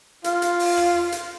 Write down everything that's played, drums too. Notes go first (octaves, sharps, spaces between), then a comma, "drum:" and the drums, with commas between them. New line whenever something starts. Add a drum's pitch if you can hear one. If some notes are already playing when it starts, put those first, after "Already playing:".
F4, drum: hi-hat
drum: hi-hat
drum: open hi-hat
drum: rim click
drum: hi-hat